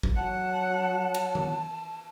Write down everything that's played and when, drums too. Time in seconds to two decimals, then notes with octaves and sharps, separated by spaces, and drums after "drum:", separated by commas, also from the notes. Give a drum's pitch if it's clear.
0.03 drum: kick
0.16 F#3 C#5 F#5 A5
1.14 drum: cymbal
1.35 drum: tom D#3